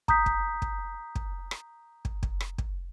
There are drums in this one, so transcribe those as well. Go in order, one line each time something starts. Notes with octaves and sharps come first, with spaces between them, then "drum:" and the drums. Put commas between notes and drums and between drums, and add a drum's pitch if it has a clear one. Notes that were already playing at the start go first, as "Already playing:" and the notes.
A#5 D#6 G6 B6, drum: kick
drum: kick
drum: kick
drum: kick
drum: rim click
drum: kick
drum: kick
drum: rim click
drum: kick